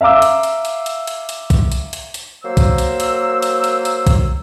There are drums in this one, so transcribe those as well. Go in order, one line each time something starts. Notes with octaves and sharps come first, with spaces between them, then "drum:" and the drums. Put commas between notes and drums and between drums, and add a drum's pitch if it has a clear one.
E5 F5 A#5 D6 E6
drum: hi-hat
drum: hi-hat
drum: hi-hat
drum: hi-hat
drum: hi-hat
drum: hi-hat
drum: kick B1, hi-hat
drum: hi-hat
drum: hi-hat
drum: hi-hat
F#3 A#3 C5 E6
drum: kick B1, hi-hat
drum: hi-hat
drum: hi-hat
drum: hi-hat
drum: hi-hat
drum: hi-hat
drum: kick B1, hi-hat